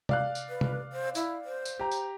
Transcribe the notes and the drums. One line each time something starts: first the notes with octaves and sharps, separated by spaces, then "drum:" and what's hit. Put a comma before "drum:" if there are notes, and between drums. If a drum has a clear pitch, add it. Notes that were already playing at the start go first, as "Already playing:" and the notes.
D5 F5 F#6, drum: tom C3
drum: tambourine
B4
drum: tom C3
C5
E4, drum: tambourine
C5
drum: tambourine
G4 A#5
drum: tambourine